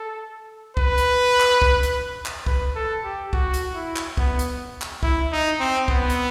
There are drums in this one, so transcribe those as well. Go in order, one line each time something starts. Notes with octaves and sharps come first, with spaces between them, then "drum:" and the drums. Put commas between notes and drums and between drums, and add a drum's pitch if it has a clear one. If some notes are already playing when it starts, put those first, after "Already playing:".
Already playing: A4
B4, drum: kick
drum: hi-hat
drum: clap
drum: kick
drum: hi-hat
drum: clap
B4, drum: kick
A4
G4
F#4, drum: kick
drum: hi-hat
E4
drum: clap
B3, drum: kick
drum: hi-hat
drum: clap
E4, drum: kick
D#4
C4
B3, drum: kick
drum: hi-hat